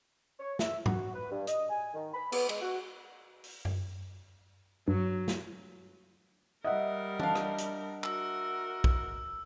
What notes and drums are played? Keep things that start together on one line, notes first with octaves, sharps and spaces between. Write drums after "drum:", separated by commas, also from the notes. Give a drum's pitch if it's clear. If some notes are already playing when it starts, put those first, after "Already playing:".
C#5
E5, drum: snare
F#4, drum: tom G#2
B4
G2
D#5, drum: hi-hat
G#5
D#3
B5
B3, drum: cymbal
G#3, drum: cymbal
F#4
drum: open hi-hat
drum: tom F#2
G2 F#3
drum: snare
G3 A#4 D#5 E5 F#5
D4 F5, drum: tom
drum: rim click
drum: hi-hat
F#4 A#4 E6, drum: clap
drum: kick B1